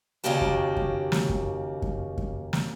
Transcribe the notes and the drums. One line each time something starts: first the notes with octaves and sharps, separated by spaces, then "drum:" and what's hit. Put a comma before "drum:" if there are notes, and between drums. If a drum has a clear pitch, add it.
D#2 C#3 A#3 F#4 G4 A5
drum: kick F#2
drum: kick F#2
drum: snare
drum: kick F#2
drum: kick F#2
drum: kick F#2
drum: snare